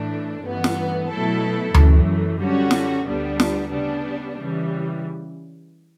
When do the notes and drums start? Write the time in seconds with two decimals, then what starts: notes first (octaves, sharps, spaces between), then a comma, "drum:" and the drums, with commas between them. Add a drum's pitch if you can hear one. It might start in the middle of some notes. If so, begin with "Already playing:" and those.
Already playing: A2 E3 A3 D4
0.44 A1 G2 E3 B3
0.64 drum: snare
1.10 B2 F#3 A3 E4 A4
1.74 F#2 E3 A3, drum: tom D2
2.40 D3 G3 C#4 F#4
2.71 drum: snare
3.05 D2 D3 G3 B3 D4
3.40 drum: snare
3.70 C#3 G3 B3 D4
4.37 C#3 E3 G3